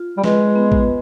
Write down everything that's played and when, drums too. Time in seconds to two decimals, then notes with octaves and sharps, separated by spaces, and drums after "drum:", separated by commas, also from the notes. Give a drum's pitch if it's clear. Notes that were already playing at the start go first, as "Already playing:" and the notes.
Already playing: F4
0.18 G3
0.24 G#3 B4, drum: snare
0.55 B3
0.72 drum: kick